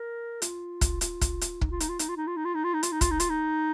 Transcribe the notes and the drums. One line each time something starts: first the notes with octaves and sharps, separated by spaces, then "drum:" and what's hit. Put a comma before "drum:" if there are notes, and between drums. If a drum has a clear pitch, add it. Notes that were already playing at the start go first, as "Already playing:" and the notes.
Already playing: A#4
F4, drum: hi-hat
drum: kick, hi-hat
F4, drum: hi-hat
drum: kick, hi-hat
drum: hi-hat
D#4, drum: kick
F4
D#4, drum: hi-hat
F4
D#4, drum: hi-hat
F4
D#4
F4
D#4
F4
D#4
F4
D#4
F4, drum: hi-hat
D#4
F4, drum: kick, hi-hat
D#4
F4, drum: hi-hat
D#4